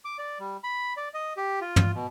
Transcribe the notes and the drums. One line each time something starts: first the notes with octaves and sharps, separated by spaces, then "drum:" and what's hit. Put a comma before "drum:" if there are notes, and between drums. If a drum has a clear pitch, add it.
D6
D5
G3
B5
D5
D#5
G4
F4
drum: tom
B2